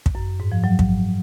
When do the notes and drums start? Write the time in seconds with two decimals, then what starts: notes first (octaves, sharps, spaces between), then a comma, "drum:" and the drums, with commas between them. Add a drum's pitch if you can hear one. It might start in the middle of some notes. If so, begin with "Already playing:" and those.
0.06 drum: kick
0.15 F#2
0.40 G#2
0.52 F3
0.64 F#3
0.79 drum: kick